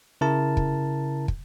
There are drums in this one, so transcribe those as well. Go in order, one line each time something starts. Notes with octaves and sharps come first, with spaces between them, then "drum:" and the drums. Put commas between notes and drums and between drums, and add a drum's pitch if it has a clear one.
C#3 E4 A#4 A5
drum: kick
drum: kick